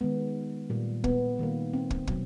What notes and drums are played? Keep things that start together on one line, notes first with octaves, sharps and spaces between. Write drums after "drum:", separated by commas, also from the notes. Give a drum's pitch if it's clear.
D#3 G#3 B3
A#2 G3 A#3
B3, drum: kick
D#3 G3 A#3
C4
drum: kick
B2 F#3, drum: kick